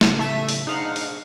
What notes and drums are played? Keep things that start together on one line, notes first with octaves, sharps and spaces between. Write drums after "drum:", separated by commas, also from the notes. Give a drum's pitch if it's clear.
A2 C#3, drum: snare
A3 E5 D#7
drum: open hi-hat
D4 D#4 G#4 C5 F5 F#5
drum: open hi-hat